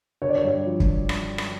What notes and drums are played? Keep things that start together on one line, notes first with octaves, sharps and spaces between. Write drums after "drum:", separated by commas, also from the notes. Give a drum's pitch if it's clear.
D3 C#5
D5
C#5
G2
F3
drum: kick
drum: rim click
drum: rim click